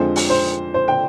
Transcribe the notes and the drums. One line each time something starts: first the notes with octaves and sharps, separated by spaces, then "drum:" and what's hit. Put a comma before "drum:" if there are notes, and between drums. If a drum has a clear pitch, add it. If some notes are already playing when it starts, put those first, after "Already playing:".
Already playing: F2 D3 F3 G#3 C5
drum: open hi-hat
C5
C5
G5